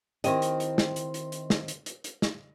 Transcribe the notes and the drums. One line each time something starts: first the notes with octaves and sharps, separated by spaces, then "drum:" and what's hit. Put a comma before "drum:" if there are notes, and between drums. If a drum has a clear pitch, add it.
D#3 C4 E4 G4 D#5, drum: hi-hat
drum: hi-hat
drum: hi-hat
drum: snare
drum: hi-hat
drum: hi-hat
drum: hi-hat
drum: snare
drum: hi-hat
drum: hi-hat
drum: hi-hat
drum: snare